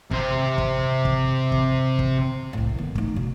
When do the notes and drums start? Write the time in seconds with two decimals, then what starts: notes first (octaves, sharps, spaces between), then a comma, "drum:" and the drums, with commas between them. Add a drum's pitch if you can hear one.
0.11 C3 C5, drum: kick
0.58 drum: kick
1.05 drum: kick
1.52 drum: kick
1.99 drum: kick
2.53 C2 A2
2.75 D#3 B3
2.95 A3 D#4, drum: kick
3.16 B2